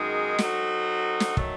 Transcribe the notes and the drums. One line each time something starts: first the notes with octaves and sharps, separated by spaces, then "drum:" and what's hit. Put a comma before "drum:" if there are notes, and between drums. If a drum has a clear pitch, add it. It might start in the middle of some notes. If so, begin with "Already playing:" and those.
Already playing: F#2 D#3 G#3 D#4 G#4
F#3 C4 D#4 F#4 A4, drum: snare
drum: snare
D#3 F#3 A3, drum: kick